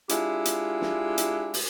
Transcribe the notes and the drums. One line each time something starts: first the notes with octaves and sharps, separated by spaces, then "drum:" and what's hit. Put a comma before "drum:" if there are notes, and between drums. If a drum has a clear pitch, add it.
G#3 D4 E4 F4 G4, drum: hi-hat
drum: hi-hat
drum: snare
drum: hi-hat
drum: open hi-hat